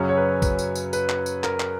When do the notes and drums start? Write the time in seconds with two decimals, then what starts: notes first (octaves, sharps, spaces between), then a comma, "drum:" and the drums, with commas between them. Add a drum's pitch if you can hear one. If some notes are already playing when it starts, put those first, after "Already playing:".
Already playing: F#2 C#3 F#3 C#4
0.09 C#5
0.17 B4
0.42 B4, drum: kick, tambourine
0.59 drum: tambourine
0.75 drum: tambourine
0.93 B4, drum: tambourine
1.09 drum: clap
1.26 drum: tambourine
1.44 A#4, drum: clap
1.60 drum: clap